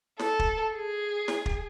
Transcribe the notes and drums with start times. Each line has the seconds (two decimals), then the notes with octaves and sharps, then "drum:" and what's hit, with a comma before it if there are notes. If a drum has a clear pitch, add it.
0.19 A4, drum: snare
0.39 drum: kick
0.75 G#4
1.28 drum: snare
1.46 drum: kick